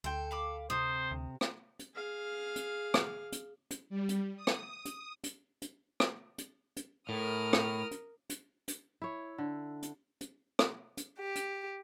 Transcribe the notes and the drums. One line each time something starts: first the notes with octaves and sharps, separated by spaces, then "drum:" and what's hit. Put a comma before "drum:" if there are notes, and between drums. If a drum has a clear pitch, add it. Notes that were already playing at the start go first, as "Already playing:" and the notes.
D2 A4 G5 C6
F5 B5 D6
C3 C5 D#6
D2
drum: rim click
drum: hi-hat
G#4 F5
drum: hi-hat
drum: rim click
drum: hi-hat
drum: hi-hat
G3
drum: hi-hat
D#6
drum: rim click
drum: hi-hat
drum: hi-hat
drum: hi-hat
drum: rim click
drum: hi-hat
drum: hi-hat
A2 A#4 D#6 F6
drum: rim click
drum: hi-hat
drum: hi-hat
drum: hi-hat
E4 C#5
D3
drum: hi-hat
drum: hi-hat
drum: rim click
drum: hi-hat
G4
drum: hi-hat